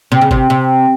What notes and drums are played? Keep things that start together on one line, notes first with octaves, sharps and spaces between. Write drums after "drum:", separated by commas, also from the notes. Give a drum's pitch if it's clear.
C3
C#3
C3, drum: kick G1
C3